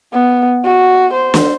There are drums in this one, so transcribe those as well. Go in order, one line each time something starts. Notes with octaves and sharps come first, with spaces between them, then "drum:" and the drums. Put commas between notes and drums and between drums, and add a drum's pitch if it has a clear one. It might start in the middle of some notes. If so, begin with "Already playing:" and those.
B3
F#4
C5
drum: snare